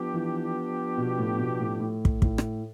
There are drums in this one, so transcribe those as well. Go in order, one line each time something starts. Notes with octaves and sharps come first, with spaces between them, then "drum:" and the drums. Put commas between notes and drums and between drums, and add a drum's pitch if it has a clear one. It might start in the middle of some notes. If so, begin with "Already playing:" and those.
Already playing: F3 B3 D4 G4
E3
B2
A2
B2
A2
A2
drum: kick
A2, drum: kick
drum: rim click